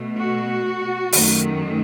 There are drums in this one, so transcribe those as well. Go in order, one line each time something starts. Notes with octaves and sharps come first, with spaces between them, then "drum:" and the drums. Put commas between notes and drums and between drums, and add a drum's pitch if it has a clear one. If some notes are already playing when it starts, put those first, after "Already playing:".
Already playing: B2 A3
F#4
F#2 D#3 A3, drum: open hi-hat